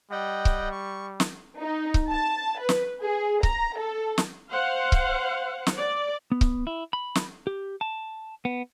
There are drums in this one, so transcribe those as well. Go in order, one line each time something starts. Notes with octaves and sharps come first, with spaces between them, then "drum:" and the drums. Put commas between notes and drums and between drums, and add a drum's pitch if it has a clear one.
G3 D#5 F#5 G5
drum: kick C#1
C#6
drum: snare
D#4
drum: kick C#1
A5
B4
drum: snare
G#4
A#5, drum: kick C#1
A4
drum: snare
C5 F5 F#5
drum: kick C#1
drum: snare
D5
B3
drum: kick C#1
E4
B5
drum: snare
G4
A5
B3